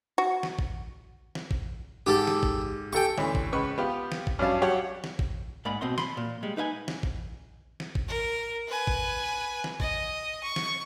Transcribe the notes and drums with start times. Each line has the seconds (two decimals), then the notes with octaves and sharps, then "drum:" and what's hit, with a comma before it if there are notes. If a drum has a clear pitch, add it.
0.18 F#4
0.43 drum: snare
0.59 drum: kick G#1
1.35 drum: snare
1.51 drum: kick G#1
2.06 G#2 G4 A4
2.27 drum: snare
2.43 drum: kick G#1
2.93 G4 A4 G5 G#5 C#6
3.18 D2 E3 C#4, drum: snare
3.35 drum: kick G#1
3.53 C#2 B4 C#6
3.78 B3 F4 G4
4.12 drum: snare
4.27 drum: kick G#1
4.39 G2 F#3 C#4 F5 A5
4.62 F#3 G4 C#5 F#5 C#6
5.04 drum: snare
5.19 drum: kick G#1
5.65 G#2 A#3 D5 F#5 B5
5.81 B2 C4 D#5 C6
5.98 B5 C6, drum: snare
6.17 A#2
6.43 G3 G#3
6.57 D#4 B4 F5 G#5
6.88 drum: snare
7.03 drum: kick G#1
7.80 drum: snare
7.95 drum: kick G#1
8.08 A#4
8.68 B4 G#5
8.87 drum: kick G#1
9.64 drum: snare
9.80 D#5, drum: kick G#1
10.43 C#6
10.56 drum: snare